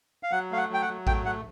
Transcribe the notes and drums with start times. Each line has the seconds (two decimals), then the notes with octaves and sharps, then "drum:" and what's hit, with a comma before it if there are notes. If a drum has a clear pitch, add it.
0.23 F5
0.32 F#3 F#5
0.51 A3 F5
0.57 F#5
0.69 F#3 G5
0.82 F#5
0.88 F#3
1.07 A3 G5, drum: kick A1
1.25 A3 F#5